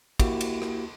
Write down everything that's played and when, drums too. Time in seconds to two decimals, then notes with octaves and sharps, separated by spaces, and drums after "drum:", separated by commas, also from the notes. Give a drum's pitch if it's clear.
0.20 A#3 E4 F#4 G4, drum: kick, cymbal
0.41 drum: cymbal
0.62 drum: rim click